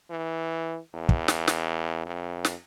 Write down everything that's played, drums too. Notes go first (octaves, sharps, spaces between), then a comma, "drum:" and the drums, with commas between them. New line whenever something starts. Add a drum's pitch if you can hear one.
E3
E2
drum: kick
drum: snare
drum: snare
F2
drum: snare